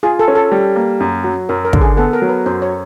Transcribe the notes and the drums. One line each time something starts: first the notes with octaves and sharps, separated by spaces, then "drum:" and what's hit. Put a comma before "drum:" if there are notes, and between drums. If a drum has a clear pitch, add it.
F4 G#4
A4
C#4
A4
G3
A#3
F#2
F#3
F#2 A#4
A#4
D3, drum: kick
G#4
B3 A4
A#4
F#3
B4
F#2 C5
C#5